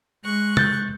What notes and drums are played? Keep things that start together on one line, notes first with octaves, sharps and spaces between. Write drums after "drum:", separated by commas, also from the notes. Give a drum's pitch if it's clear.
G#3 C#6 F#6
G6 A6, drum: tom